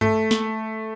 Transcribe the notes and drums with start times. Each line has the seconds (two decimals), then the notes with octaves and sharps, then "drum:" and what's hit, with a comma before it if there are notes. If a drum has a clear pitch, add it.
0.01 A3, drum: tom G2
0.31 drum: snare